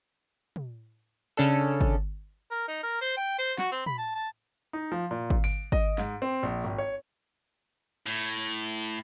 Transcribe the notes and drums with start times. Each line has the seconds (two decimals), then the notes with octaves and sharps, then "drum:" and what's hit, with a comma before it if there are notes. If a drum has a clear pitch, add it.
0.56 drum: tom
1.37 C#3 C#4 D4 A4
1.81 drum: kick G#1
2.51 A#4
2.68 D#4
2.83 A#4
3.01 C5
3.17 G5
3.39 C5
3.58 F#4, drum: snare
3.72 C4
3.86 B5, drum: tom
3.98 A5
4.15 A5
4.73 D#4
4.92 F3
5.11 A#2
5.30 drum: kick G#1
5.44 D7, drum: open hi-hat
5.72 D#5, drum: kick G#1
5.98 G#2, drum: snare
6.22 C4
6.43 A#1
6.64 G#1
6.78 C#5
8.06 A2